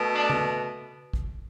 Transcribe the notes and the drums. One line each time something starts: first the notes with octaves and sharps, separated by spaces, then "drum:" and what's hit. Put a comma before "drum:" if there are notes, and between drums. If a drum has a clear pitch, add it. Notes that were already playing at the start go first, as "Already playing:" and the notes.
Already playing: B2 A3
D4
drum: tom C#3
drum: kick